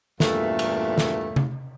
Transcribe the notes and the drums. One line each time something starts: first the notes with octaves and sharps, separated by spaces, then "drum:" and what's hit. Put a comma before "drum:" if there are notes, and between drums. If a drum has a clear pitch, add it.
E2 G2 A#2 A3, drum: snare
drum: cymbal
drum: snare
drum: tom C3